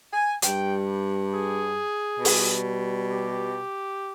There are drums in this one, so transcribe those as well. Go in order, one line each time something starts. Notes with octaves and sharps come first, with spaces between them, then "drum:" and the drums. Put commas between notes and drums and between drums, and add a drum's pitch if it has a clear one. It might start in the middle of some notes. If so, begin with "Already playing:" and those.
G#5
G2 G3 G5, drum: hi-hat
G#4
B2
G3, drum: open hi-hat
G4